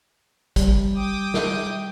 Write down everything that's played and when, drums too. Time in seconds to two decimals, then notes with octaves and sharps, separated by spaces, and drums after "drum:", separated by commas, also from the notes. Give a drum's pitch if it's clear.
0.56 G3, drum: kick, hi-hat
0.95 G5 D6 D#6
1.34 drum: snare